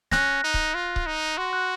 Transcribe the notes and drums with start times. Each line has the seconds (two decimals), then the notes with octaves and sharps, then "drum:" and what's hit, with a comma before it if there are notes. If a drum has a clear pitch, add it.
0.12 C#4 F#6 A#6, drum: snare
0.44 D#4
0.54 drum: kick C#1
0.74 F4
0.96 drum: kick C#1
1.06 D#4
1.37 F#4 C6
1.53 F#6